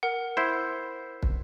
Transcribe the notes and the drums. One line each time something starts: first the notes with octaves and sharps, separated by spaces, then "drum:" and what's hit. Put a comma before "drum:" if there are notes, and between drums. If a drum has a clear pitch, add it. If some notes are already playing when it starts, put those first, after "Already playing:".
A#4 F#5
E4 C5
drum: kick